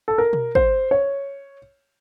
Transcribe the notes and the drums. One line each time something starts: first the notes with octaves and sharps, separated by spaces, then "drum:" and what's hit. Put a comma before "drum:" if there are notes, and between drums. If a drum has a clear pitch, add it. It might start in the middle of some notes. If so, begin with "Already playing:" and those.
A4
A#4
drum: tom B2
C5, drum: kick
C#5